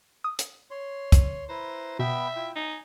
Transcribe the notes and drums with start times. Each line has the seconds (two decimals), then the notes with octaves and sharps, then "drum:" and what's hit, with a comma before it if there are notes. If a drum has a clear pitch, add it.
0.24 D#6
0.39 drum: hi-hat
0.71 C#5 C6
1.12 drum: kick, hi-hat
1.49 E4 B4 C5 A#5
1.99 B2 B3 E5 G5 B5
2.36 E4 F4 G5
2.56 D#4 G#5